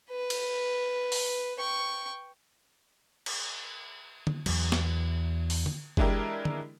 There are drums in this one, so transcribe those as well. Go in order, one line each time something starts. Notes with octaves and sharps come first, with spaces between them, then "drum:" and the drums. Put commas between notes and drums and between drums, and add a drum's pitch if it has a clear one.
B4
drum: cymbal
drum: open hi-hat
G5 C#6
drum: cymbal
drum: tom D3
E2 F#3, drum: cymbal
drum: snare
drum: open hi-hat
drum: tom D3
E3 G#3 D4 E4 G4 A#4, drum: kick
drum: tom D3